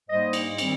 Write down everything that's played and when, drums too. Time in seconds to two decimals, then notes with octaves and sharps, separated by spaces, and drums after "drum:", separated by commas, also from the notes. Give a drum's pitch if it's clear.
0.08 G#2 G3 A#3 C5 D#5
0.33 drum: cymbal
0.58 D#3 G3 C4, drum: cymbal